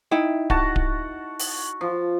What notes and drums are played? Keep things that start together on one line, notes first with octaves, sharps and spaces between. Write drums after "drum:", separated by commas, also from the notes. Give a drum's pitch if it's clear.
D#4 E4 G5
F#4 F#5 A5, drum: kick D1
drum: kick D1
drum: open hi-hat
F3